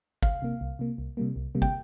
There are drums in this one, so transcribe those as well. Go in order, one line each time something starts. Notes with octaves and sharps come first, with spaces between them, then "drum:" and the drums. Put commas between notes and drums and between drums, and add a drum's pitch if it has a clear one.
C2 F5, drum: kick
C3 A#3
C2
C3 A#3
C2
C3 G3 A#3
C2
C3 G3 A#3
G5, drum: kick